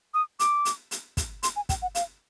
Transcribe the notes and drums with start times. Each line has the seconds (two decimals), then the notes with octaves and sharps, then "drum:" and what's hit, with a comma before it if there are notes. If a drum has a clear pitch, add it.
0.14 D#6
0.39 D6, drum: hi-hat
0.65 drum: hi-hat
0.91 drum: hi-hat
1.17 drum: kick, hi-hat
1.43 C6, drum: hi-hat
1.56 G#5
1.69 G5, drum: kick, hi-hat
1.82 F#5
1.95 F5, drum: hi-hat